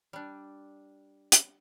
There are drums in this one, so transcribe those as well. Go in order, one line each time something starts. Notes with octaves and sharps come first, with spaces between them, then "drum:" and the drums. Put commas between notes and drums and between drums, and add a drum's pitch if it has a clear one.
G3 D4
drum: hi-hat